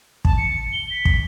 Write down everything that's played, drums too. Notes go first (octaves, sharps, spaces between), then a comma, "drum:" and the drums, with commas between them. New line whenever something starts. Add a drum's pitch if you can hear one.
A5, drum: kick
C#7
G7
B6
drum: kick